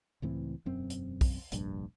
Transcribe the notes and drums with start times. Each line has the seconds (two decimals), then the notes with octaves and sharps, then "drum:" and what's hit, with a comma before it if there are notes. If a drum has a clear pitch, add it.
0.22 C#2 A2 E3 C4
0.65 E1 F#2 C4
0.90 drum: hi-hat
1.21 drum: kick, open hi-hat
1.52 F1 A#1 G2, drum: hi-hat